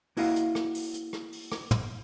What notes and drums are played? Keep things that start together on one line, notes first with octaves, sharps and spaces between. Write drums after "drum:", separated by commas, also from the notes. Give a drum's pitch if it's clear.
A#3 E4 F#4 D#5 F5, drum: open hi-hat
drum: hi-hat
drum: rim click
drum: open hi-hat
drum: hi-hat
drum: rim click
drum: open hi-hat
drum: rim click
drum: tom